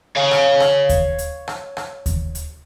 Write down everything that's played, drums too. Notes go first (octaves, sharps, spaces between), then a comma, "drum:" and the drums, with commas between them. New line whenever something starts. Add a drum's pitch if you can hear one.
C#5 F5
drum: rim click
drum: rim click
drum: kick D#2, hi-hat
drum: hi-hat
drum: rim click
drum: rim click
drum: kick D#2, hi-hat
drum: hi-hat